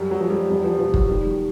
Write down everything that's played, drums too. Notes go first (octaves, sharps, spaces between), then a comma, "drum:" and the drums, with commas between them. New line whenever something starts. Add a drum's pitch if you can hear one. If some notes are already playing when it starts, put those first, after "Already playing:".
Already playing: F#2 G3
F#3
F3
G3
E2 G3
F3
B2 F3
F#3, drum: kick
D#3 G3